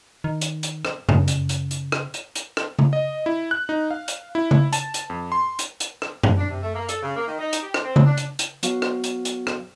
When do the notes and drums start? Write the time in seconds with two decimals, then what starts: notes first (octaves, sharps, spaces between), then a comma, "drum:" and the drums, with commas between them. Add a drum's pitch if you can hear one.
0.24 D#3
0.41 drum: hi-hat
0.63 drum: hi-hat
0.85 drum: rim click
1.09 C#3, drum: tom F#2
1.28 drum: hi-hat
1.49 drum: hi-hat
1.71 drum: hi-hat
1.92 drum: rim click
2.14 drum: hi-hat
2.35 drum: hi-hat
2.57 drum: rim click
2.79 drum: tom C#3
2.93 D#5
3.26 E4
3.51 F#6
3.69 D#4
3.91 F5
4.08 drum: hi-hat
4.35 E4
4.51 drum: tom C#3
4.73 A5, drum: hi-hat
4.94 drum: hi-hat
5.10 F2
5.32 C6
5.59 drum: hi-hat
5.80 drum: hi-hat
6.02 drum: rim click
6.23 drum: tom F#2
6.38 D4
6.50 C3
6.63 A3
6.75 A#3
6.89 A4, drum: hi-hat
7.03 C#3
7.16 A#3
7.28 D#3
7.39 D#4
7.53 drum: hi-hat
7.63 G4
7.74 drum: rim click
7.84 C4
7.96 drum: tom C#3
8.06 D4
8.17 drum: hi-hat
8.39 drum: hi-hat
8.63 F#3 B3 F#4 F5, drum: hi-hat
8.82 drum: rim click
9.04 drum: hi-hat
9.25 drum: hi-hat
9.47 drum: rim click